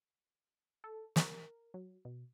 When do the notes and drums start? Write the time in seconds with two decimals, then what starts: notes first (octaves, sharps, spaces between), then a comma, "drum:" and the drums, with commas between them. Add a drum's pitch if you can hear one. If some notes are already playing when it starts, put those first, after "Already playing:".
0.84 A4
1.16 A#4, drum: snare
1.74 F#3
2.05 B2